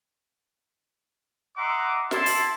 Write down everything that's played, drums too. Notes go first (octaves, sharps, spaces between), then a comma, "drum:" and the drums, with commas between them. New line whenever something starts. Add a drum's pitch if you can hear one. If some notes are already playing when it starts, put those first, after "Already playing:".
D#5 E5 F#5 A#5 C6 D6
E4 A5 C6, drum: snare
drum: open hi-hat